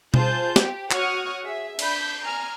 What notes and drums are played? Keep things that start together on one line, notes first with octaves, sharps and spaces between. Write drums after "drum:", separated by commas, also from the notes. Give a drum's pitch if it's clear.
F4 G#4 C5 A5 G6, drum: tom B2
G4, drum: snare
F#4 C#5 F#5 C#6 D#6 F6, drum: clap
G#4 E5
D4 B5 G6, drum: cymbal
G#5 A#5 F6